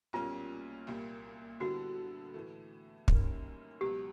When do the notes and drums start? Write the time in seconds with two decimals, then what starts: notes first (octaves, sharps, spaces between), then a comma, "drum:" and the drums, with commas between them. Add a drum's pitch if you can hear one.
0.13 B1 A#2 G3 A#3 C#4 F4
0.87 C2 A#2 G3 A#3
1.60 D3 G3 B3 E4 F#4
2.34 A2 E3 A3
3.08 F#2 D#3 G3 A#3 C#4, drum: kick
3.81 C#2 B2 F#3 G4